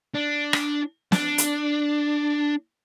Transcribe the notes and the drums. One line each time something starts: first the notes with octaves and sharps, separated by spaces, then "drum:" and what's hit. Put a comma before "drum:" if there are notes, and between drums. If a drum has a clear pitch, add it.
D4
drum: rim click
D4, drum: snare
drum: hi-hat